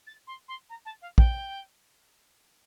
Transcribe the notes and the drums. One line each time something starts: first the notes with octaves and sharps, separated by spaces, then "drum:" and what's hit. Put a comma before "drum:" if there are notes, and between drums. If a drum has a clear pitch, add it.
A6
C6
C6
A#5
A5
F5
G5, drum: kick